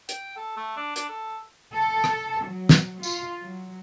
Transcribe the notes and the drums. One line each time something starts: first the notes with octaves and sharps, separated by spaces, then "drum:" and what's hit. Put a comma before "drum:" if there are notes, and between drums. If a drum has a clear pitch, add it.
G5, drum: hi-hat
A4
A3
D4
D4, drum: hi-hat
A4
A4
drum: rim click
F#3
drum: snare
F4, drum: tambourine
F#3